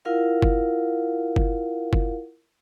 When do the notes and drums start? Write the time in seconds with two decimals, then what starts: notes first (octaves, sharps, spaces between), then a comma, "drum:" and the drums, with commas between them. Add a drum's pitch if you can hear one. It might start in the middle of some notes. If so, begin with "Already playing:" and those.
0.05 E4 F4 A#4 F5 F#5
0.42 drum: kick F#1
1.36 drum: kick F#1
1.93 drum: kick F#1